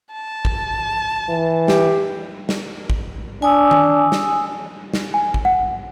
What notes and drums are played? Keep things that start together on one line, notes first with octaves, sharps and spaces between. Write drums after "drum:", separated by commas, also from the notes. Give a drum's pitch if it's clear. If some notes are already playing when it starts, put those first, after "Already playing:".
A5
drum: kick
E3
G4, drum: snare
drum: snare
drum: kick
D4 G#5 D#6 E6
drum: tom D#3
drum: snare
drum: snare
G#5
drum: kick
F#5